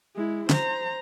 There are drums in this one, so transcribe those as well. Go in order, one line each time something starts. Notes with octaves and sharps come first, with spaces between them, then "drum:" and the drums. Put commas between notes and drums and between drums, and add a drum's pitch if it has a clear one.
G#3 E4
C5 A#5, drum: snare